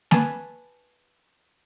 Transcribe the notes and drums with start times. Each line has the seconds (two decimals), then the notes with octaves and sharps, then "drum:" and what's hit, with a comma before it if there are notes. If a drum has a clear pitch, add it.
0.11 B4 G#5 A5, drum: snare